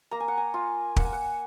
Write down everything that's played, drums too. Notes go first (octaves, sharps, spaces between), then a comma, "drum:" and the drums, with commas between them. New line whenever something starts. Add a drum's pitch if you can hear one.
A#3 A#5
G#5
F#5
G#5
F4
A#3 F#5, drum: kick
G#5
F#5